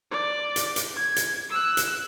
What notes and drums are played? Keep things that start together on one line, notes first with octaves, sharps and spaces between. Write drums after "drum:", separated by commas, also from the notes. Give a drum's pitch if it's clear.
D5
drum: hi-hat
drum: hi-hat
G#6
drum: hi-hat
E6 F#6
drum: hi-hat